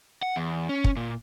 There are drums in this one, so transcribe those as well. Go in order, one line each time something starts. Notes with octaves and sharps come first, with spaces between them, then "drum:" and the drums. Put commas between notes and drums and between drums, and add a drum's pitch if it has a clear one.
F#5
E2
C#4
drum: kick
A#2